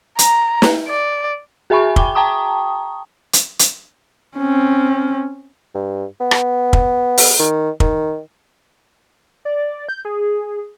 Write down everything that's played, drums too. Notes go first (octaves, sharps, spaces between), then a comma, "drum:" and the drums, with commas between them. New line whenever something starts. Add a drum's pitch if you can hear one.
A#5, drum: hi-hat
drum: snare
D5
F#4 G#4 E5 G#5 B5 C#6
G5 D6 G7, drum: kick
G5 A5 A#5 C#6 D#6
drum: hi-hat
drum: hi-hat
C4 C#4
G2
B3
drum: rim click
drum: kick
drum: open hi-hat
D#3
D#3, drum: kick
D5
G6
G#4